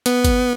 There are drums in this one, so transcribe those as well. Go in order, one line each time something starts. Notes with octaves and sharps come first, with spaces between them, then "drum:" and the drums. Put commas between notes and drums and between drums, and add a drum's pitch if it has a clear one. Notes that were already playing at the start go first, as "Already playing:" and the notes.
B3, drum: hi-hat
drum: kick, hi-hat